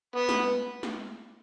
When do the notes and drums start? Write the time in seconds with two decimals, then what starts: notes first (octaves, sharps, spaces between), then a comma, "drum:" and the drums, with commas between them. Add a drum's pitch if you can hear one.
0.16 B3
0.29 drum: snare
0.83 drum: snare